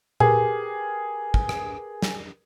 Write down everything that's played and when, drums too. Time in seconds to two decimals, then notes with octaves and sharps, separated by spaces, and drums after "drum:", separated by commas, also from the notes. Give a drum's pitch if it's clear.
0.20 G4 G#4 A#4 B4, drum: tom A#2
1.34 drum: kick
1.49 drum: rim click
2.02 drum: snare